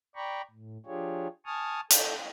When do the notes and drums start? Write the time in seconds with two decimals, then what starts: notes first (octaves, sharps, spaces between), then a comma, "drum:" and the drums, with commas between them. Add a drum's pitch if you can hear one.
0.16 D5 G5 A#5 B5 C#6
0.51 A2
0.86 F3 D4 F4 G4 G#4 C#5
1.46 G#5 A5 C#6 D#6 F6
1.90 A4 G6, drum: hi-hat